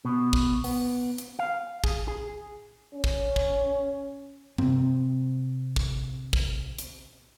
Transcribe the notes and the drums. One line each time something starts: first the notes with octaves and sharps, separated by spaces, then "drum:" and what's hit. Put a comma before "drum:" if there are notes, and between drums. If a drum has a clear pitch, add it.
B2
drum: kick
B3, drum: open hi-hat
drum: hi-hat
F5
G#4, drum: kick
G#4
C#4
drum: kick
drum: kick
C3 C4, drum: tom G2
drum: kick
drum: kick
drum: hi-hat